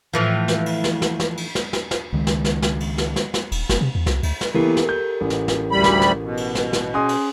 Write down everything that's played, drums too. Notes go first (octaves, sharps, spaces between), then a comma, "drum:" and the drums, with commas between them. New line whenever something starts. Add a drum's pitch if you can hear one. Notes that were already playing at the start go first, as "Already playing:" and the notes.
A2 E3 F3
drum: snare
drum: cymbal
drum: snare
drum: snare
drum: snare
drum: cymbal
drum: snare
drum: snare
drum: snare
C#2 D#3 G#3
drum: snare
drum: snare
drum: snare
drum: cymbal
drum: snare
drum: snare
drum: snare
D#1, drum: cymbal
F#1, drum: snare
C3
E2
C2, drum: snare
D2, drum: cymbal
drum: snare
E3 A#3 B3 G4 A4 A#4
drum: snare
G6
A1
drum: snare
drum: snare
D2 G3 B5
drum: snare
drum: snare
B2
drum: cymbal
drum: snare
drum: snare
C#4 G#4 G#5 C6 D#6
drum: cymbal